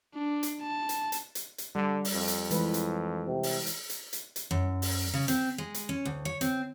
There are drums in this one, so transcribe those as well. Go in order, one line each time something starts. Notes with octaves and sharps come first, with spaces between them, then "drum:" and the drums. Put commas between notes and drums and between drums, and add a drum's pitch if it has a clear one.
D4
drum: hi-hat
A5
drum: hi-hat
drum: hi-hat
drum: hi-hat
drum: hi-hat
D3 G3
drum: open hi-hat
F2
drum: hi-hat
E3 G#3 B4, drum: hi-hat
drum: hi-hat
C3
drum: open hi-hat
drum: hi-hat
drum: hi-hat
drum: hi-hat
drum: hi-hat
F#2
drum: open hi-hat
C#3
C4, drum: hi-hat
G#3
drum: hi-hat
C#4
D2
C#5
C4, drum: hi-hat